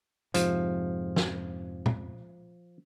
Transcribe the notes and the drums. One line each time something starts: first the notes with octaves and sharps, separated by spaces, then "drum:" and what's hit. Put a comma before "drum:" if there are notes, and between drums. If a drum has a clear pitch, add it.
F2 G#2 C3 F3, drum: hi-hat
drum: snare
drum: tom